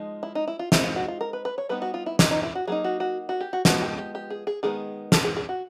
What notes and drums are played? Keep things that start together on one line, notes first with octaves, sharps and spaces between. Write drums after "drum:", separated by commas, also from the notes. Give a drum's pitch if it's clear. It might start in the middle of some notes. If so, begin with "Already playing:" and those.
Already playing: F3 G#3 D#4
E4
D#4
E4
F4
G#3 C4 D#4 E4, drum: snare
F4
F#4
F4
A#4
B4
B4
C#5
G3 B3 D#4 B4
F#4
F4
E4
D#4, drum: snare
D#4
E4
F#4
F#3 A#3 D#4 G#4
F#4
F#4
F#4
G4
F#4
F3 G#3 B3 F#4, drum: snare
G4
G4
G4
G#4
G#4
D#3 G#3 B3 G#4
A4, drum: snare
G#4
G#4
F#4